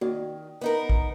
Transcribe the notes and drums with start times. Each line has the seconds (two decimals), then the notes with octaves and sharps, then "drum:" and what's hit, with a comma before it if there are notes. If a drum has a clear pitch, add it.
0.01 D#3 A#3 F#4 D5
0.61 B3 D#4 A#4
0.90 drum: kick A1